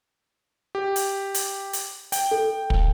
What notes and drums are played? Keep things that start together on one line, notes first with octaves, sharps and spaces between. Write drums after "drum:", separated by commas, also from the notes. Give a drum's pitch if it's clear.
G4
drum: hi-hat
drum: hi-hat
drum: hi-hat
G5, drum: hi-hat
A4
drum: kick